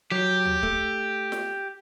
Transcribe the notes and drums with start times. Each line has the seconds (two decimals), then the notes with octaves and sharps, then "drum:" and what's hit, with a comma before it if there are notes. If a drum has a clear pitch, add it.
0.11 F#3 G4
0.45 drum: tom D2
0.63 A3, drum: kick C#1
1.32 drum: snare